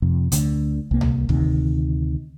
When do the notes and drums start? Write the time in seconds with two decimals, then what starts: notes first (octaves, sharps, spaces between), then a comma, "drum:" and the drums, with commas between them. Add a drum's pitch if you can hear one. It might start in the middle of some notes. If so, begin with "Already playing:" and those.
0.02 F2 C3
0.32 D2 D3, drum: hi-hat
0.91 C2 A#3
1.01 drum: tom C#2
1.29 D2 C3 D#3, drum: kick